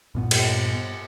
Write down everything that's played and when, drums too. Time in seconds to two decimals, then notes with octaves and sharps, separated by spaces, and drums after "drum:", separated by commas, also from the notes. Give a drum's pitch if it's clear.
0.15 G2 A#2 B3
0.31 drum: cymbal